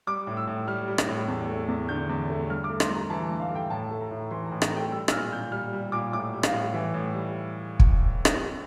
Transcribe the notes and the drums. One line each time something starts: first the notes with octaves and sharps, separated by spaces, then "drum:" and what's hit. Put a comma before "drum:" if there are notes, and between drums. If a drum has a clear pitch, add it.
G3 D6
A2
E6
A2
G3 F6
G3
drum: rim click
A2
E2
A3
E2
D3 G6
E2
A3
G2 F6
D6
A3
C6, drum: rim click
G2
A#5
E3 A5
G2
F5
A3 G5
A2 A5
A3
A#5
A2
E3 C6
A#5
A2
drum: rim click
A3 G5
G3 E6
E6, drum: rim click
A#2 F6
A#2 G6
G3 F6
G3
A#2 D6
A2 D6
G3
F5, drum: rim click
A2
E3
A2
G3
drum: kick
drum: rim click